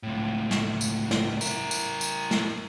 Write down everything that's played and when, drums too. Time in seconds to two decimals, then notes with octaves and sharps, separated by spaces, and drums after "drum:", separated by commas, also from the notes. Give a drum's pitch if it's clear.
0.03 C#2 A2
0.51 drum: snare
0.81 drum: tambourine
1.11 drum: snare
1.41 E4 A#4, drum: tambourine
1.71 drum: tambourine
2.01 drum: tambourine
2.31 drum: snare